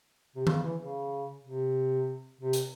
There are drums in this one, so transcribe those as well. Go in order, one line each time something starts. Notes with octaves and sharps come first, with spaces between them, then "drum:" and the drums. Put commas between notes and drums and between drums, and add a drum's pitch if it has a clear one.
C3
C#3, drum: tom D#3
E3
C#3
C3
C3
drum: hi-hat